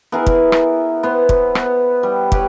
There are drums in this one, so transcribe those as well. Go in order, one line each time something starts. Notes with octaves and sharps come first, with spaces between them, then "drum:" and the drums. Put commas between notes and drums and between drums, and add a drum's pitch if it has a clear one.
B3 E4 G#4 A#4
drum: kick
drum: rim click
B3 C5
drum: kick
B3, drum: rim click
G3
G4 B4 C#5, drum: kick